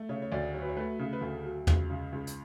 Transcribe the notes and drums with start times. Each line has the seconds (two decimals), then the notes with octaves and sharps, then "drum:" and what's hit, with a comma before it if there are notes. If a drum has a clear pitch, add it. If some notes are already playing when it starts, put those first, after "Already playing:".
Already playing: A3
0.09 C#3 C#5
0.22 C#5
0.32 D2 D5
0.54 F#3 C#5
0.62 B4
0.69 C#5
0.77 A3 B4
0.99 C#3
1.13 B4
1.21 D2 A4
1.44 F#3
1.67 C#2, drum: tom
1.90 C#3
2.12 C#2
2.27 drum: hi-hat